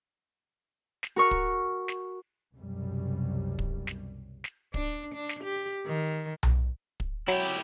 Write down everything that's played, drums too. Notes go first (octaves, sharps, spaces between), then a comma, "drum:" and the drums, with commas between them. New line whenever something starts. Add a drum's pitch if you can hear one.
drum: snare
F#4 A#4 C#6 F6
drum: kick
drum: snare
C2 F#2 B2 G3
drum: kick
drum: snare
drum: snare
D4, drum: kick
D4
drum: snare
G4
D#3
drum: tom B1
drum: kick
F#3 E4 G4, drum: snare